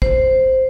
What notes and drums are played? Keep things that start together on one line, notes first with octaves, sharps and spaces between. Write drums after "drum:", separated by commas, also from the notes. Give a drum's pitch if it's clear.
C5, drum: kick